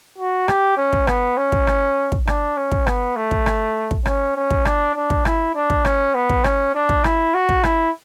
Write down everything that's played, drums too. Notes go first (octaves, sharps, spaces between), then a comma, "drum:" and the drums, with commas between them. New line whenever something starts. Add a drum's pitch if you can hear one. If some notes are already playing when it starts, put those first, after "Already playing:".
F#4
G4, drum: rim click
C#4
drum: kick
B3, drum: rim click
C#4
drum: kick
drum: rim click
drum: kick
D4, drum: rim click
C#4
drum: kick
B3, drum: rim click
A3
drum: kick
drum: rim click
drum: kick
C#4, drum: rim click
C#4
drum: kick
D4, drum: rim click
D4
drum: kick
E4, drum: rim click
D4
drum: kick
C#4, drum: rim click
B3
drum: kick
C#4, drum: rim click
D4
drum: kick
E4, drum: rim click
F#4
drum: kick
E4, drum: rim click